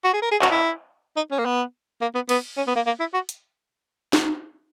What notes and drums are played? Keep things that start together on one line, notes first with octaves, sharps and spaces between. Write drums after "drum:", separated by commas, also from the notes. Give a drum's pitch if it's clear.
F#4
G#4
A#4
G#4
F#4, drum: clap
E4
D#4
C#4
A#3
B3
A#3
B3
B3, drum: cymbal
C#4
B3
A#3
A#3
E4
F#4
drum: hi-hat
drum: snare